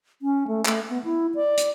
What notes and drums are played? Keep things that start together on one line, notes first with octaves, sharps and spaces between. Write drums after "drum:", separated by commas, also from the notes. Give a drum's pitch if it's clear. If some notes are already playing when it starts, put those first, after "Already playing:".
C#4
A3
A3, drum: clap
B3
E4
D5
drum: hi-hat